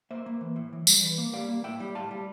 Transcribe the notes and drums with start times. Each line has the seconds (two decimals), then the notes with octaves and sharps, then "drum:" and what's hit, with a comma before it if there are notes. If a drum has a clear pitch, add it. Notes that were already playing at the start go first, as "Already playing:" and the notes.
0.11 A#3 C5 E5
0.26 A#3
0.41 E3
0.56 A2
0.73 E3
0.87 G3, drum: tambourine
1.03 E3
1.18 A#3
1.33 G3 D5 F5
1.49 A#3
1.64 A2 E5 G5
1.80 G3
1.95 A2 F5 A5
2.11 G3